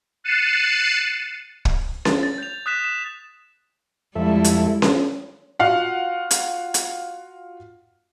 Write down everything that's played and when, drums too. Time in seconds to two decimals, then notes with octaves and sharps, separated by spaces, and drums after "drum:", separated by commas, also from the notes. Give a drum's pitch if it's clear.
0.24 F#6 A6 C7 C#7 D#7 E7
1.65 drum: kick
2.05 A6, drum: snare C#4
2.23 A6
2.38 G6 A6 F7
2.66 D#6 F#6 B6 E7
2.84 E7
4.15 F2 G3 G#3 E4 A4 E5
4.44 drum: hi-hat
4.82 drum: snare C#4
5.59 F4 F#4 F5 F#5
6.31 drum: hi-hat
6.74 drum: hi-hat